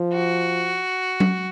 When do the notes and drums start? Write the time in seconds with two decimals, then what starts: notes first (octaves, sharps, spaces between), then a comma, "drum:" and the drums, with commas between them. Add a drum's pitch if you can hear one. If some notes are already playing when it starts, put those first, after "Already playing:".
Already playing: F3
0.13 F#4
1.20 drum: tom F#3